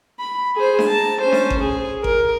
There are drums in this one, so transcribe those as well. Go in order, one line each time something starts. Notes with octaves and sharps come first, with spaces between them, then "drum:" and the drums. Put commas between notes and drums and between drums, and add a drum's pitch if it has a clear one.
B5
G#4 C5
drum: snare D4
A5 A#5
C#4 C5
drum: snare D4
drum: kick G#1
G#4
A#4, drum: kick G#1